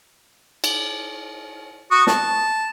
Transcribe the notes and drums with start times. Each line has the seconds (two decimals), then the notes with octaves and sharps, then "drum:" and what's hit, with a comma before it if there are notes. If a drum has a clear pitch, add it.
0.64 drum: cymbal
1.91 F#4 C#6 D#6
2.07 A5, drum: snare